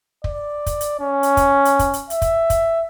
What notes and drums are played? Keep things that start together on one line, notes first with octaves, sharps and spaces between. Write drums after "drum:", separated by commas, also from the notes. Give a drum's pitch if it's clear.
D5, drum: kick
drum: kick, hi-hat
drum: hi-hat
C#4
drum: hi-hat
drum: kick, hi-hat
drum: hi-hat
drum: kick, hi-hat
drum: hi-hat
E5, drum: hi-hat
drum: kick, hi-hat
drum: kick, hi-hat